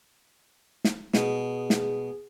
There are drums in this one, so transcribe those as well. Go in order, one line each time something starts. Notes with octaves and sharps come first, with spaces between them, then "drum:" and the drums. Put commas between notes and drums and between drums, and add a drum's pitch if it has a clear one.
drum: snare
B2 G#4, drum: snare
drum: snare